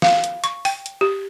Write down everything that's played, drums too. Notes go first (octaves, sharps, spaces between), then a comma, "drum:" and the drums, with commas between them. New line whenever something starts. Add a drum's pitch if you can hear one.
F5, drum: snare
drum: hi-hat
C#6, drum: hi-hat
G5, drum: open hi-hat
drum: hi-hat
G4